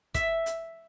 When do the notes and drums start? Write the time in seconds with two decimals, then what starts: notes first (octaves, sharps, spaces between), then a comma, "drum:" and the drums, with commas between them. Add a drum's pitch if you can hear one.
0.14 E5, drum: kick, hi-hat
0.46 drum: hi-hat